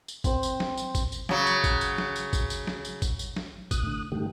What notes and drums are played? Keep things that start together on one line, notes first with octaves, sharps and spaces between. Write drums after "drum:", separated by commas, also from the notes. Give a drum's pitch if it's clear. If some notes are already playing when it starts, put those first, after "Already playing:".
drum: tambourine
C4 C5, drum: kick G#1, tambourine
drum: tambourine
drum: snare
drum: tambourine
drum: kick G#1, tambourine
drum: tambourine
C#3 F#3, drum: snare
drum: tambourine
drum: kick G#1, tambourine
drum: tambourine
drum: snare
drum: tambourine
drum: kick G#1, tambourine
drum: tambourine
drum: snare
drum: tambourine
drum: kick G#1, tambourine
drum: tambourine
drum: snare
F1 D#6 F#6, drum: kick G#1, tambourine
A2 D3
G2 D3 D#3 A3 G4